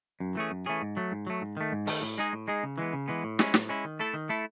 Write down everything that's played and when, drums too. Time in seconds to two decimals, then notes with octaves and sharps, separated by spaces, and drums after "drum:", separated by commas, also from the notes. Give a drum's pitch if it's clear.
0.20 F#2
0.35 E3 A3 C#4 G#4
0.51 F#2
0.66 E3 A3 C#4 G#4
0.82 G#2
0.97 F#3 A3
1.12 G#2
1.27 F#3 A3
1.41 G#2
1.57 D#3 A3
1.72 G#2
1.87 D#3 A3, drum: open hi-hat
2.02 A2
2.18 G#3 D#4 G#4
2.33 A2
2.48 G#3 D#4 G#4
2.63 C#3
2.78 E3 G#3 B3
2.93 C#3
3.08 E3 G#3 B3
3.24 A2
3.39 G#3 C#4 E4, drum: snare
3.54 A2, drum: snare
3.69 G#3 C#4 E4
3.85 D#3
4.00 A3 E4 A4
4.14 D#3
4.29 A3 E4 A4